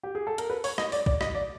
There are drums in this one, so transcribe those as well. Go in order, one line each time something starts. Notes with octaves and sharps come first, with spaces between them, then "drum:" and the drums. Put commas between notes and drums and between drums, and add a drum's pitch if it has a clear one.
G4
G#4
A4
A#4, drum: hi-hat
B4
C#5, drum: open hi-hat
D#5, drum: rim click
D5, drum: open hi-hat
D5, drum: kick
D#5, drum: rim click
D5